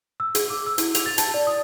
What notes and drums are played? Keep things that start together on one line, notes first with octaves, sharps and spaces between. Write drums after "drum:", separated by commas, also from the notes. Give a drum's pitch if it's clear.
E6
G#4, drum: hi-hat
D6
E6
E4, drum: hi-hat
F7, drum: hi-hat
A6
A5, drum: hi-hat
D5
D#6